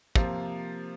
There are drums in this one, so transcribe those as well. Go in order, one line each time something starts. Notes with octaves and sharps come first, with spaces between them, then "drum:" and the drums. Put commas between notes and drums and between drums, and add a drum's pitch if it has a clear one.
C3 F3 A#3 F4, drum: kick